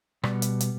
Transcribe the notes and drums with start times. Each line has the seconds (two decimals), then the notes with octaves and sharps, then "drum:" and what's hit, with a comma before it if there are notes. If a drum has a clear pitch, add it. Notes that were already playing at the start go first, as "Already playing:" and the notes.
0.23 B2 G3 B3 D5, drum: rim click
0.42 drum: hi-hat
0.60 drum: hi-hat